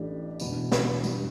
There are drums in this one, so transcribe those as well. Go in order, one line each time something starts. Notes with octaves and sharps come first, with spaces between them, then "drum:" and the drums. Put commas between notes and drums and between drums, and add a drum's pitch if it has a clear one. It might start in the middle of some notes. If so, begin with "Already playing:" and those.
Already playing: A1 A2 A3 D4 G4
E1 E2 B2 B3 E4, drum: tambourine
drum: snare
G2 G3 E4, drum: tambourine